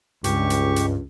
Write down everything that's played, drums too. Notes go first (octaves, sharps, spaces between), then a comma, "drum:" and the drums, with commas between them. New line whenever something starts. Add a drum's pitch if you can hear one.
C#2 G2 G4 C#6, drum: hi-hat
drum: hi-hat
drum: hi-hat